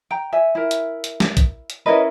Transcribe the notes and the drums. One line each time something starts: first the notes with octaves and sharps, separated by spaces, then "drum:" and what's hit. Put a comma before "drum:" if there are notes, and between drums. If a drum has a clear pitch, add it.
G5 A#5
E5 G#5
E4 A#4
drum: hi-hat
drum: hi-hat
drum: snare
drum: kick A#1, hi-hat
drum: hi-hat
C#4 E4 A#4 B4 D#5